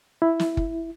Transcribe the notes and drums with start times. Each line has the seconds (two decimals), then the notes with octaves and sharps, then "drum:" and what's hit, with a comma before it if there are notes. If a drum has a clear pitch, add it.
0.22 E4
0.39 drum: snare
0.57 drum: kick